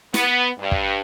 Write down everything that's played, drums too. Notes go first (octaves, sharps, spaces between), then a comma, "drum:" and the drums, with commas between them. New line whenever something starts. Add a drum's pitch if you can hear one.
B3, drum: snare
G2
drum: kick